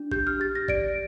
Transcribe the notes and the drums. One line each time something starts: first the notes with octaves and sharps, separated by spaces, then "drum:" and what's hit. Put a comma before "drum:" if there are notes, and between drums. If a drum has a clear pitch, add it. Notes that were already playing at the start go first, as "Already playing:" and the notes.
Already playing: D4
G4 G6, drum: kick
F6
G4 A6
A#6
D5 D7, drum: kick